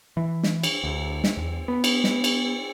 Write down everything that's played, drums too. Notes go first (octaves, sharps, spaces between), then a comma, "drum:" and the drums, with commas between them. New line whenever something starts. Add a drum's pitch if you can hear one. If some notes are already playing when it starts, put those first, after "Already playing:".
E3
drum: snare
drum: cymbal
D2
drum: snare
E2
B3
drum: cymbal
drum: snare
drum: cymbal